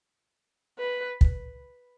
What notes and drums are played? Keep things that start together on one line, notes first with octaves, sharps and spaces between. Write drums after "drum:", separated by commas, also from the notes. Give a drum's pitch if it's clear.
B4
drum: kick